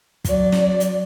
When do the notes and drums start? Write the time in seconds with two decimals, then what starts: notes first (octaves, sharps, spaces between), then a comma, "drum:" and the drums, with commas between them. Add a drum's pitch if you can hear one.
0.25 F#3 D5, drum: kick, hi-hat
0.52 drum: snare
0.80 drum: hi-hat